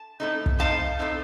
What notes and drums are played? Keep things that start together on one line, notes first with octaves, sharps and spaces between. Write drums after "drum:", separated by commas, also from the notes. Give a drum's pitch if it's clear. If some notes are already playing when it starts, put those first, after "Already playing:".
Already playing: A5
A2 A3 C4 D#4
drum: kick
A2 A3 C4 D#4 F5 A5
A2 A3 C4 D#4